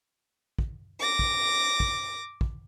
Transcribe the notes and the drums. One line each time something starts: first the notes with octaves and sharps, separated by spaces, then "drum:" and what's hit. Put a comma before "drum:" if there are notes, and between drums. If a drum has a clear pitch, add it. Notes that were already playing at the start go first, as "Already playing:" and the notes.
drum: kick
D6 A#6
drum: kick
drum: kick
drum: kick